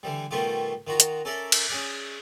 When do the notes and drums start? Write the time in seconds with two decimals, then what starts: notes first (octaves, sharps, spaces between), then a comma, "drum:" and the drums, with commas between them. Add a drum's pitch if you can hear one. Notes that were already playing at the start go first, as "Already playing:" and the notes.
0.03 D3 E3 G3
0.31 B2 D#3 G3 A3 F4 G4
0.87 D#3 F4 F#4 A#5
1.00 drum: hi-hat
1.25 C#4 A4 A#4 D5 E5
1.52 drum: cymbal
1.69 C#4 G#4 D5